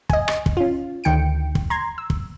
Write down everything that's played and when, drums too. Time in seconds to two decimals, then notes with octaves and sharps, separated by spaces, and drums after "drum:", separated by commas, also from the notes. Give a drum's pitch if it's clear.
0.10 D#5 G#5, drum: kick
0.28 drum: rim click
0.46 drum: kick
0.57 C#4 F4
1.04 D2 D#3 G5 C#7 D7
1.55 drum: kick
1.70 A#5 C6 G#6
1.98 E6
2.10 drum: kick